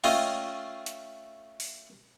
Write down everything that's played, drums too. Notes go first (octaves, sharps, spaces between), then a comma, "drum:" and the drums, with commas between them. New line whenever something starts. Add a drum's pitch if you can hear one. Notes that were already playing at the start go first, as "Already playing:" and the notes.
A3 C#4 F4 D#5 F5 G5, drum: cymbal
drum: hi-hat
drum: open hi-hat